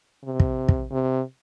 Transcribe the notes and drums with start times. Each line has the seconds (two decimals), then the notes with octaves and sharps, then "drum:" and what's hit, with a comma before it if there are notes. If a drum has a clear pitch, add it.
0.24 C3
0.40 drum: kick
0.69 drum: kick
0.91 C3